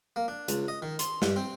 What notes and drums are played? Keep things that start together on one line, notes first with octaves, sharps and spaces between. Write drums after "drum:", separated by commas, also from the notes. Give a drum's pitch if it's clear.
A#3
D4
C#2, drum: hi-hat
D#5
D#3
C6, drum: hi-hat
G2, drum: snare
C4